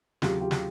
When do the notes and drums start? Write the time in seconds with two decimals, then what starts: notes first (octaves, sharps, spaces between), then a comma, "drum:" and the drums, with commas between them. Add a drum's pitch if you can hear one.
0.22 D#2 C#3 F#3 F4 G4, drum: snare
0.41 F4 G4
0.51 drum: snare